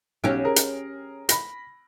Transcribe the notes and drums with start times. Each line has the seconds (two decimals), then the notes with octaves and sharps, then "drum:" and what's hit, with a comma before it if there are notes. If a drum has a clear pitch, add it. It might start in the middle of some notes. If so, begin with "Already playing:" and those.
0.24 B1 C#4 G4
0.44 G#4 A#4
0.56 drum: hi-hat
1.29 B5 A#6, drum: hi-hat